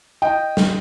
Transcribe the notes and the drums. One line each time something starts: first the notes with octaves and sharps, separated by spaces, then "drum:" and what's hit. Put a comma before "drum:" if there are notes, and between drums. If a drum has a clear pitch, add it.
D#5 G5
drum: snare